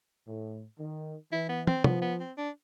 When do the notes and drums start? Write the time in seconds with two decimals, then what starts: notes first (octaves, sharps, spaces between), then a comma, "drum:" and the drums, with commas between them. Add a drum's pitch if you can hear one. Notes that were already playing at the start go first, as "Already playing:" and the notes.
0.26 A2
0.79 D#3
1.32 E3 E4
1.49 B3
1.67 C4, drum: tom
1.84 F3 B3, drum: tom
2.02 B3
2.20 C4
2.37 D4